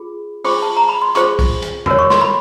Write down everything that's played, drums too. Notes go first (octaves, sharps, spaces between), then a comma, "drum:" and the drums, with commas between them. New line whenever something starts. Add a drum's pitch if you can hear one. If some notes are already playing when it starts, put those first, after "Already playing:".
Already playing: F4 G#4
F4 G#4 C5 C#6, drum: open hi-hat
A5
A#5
B5
C6
F4 G#4 C5 C#6, drum: hi-hat
drum: kick, open hi-hat
drum: hi-hat
F#4 A#4 C#5, drum: tom E2
C#6
C6, drum: snare
B5